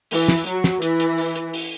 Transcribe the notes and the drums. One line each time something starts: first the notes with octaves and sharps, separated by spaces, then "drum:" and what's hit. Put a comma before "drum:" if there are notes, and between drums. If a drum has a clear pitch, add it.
E3, drum: open hi-hat
drum: snare
F#3, drum: hi-hat
drum: snare
E3, drum: hi-hat
drum: hi-hat
drum: open hi-hat
drum: hi-hat
drum: open hi-hat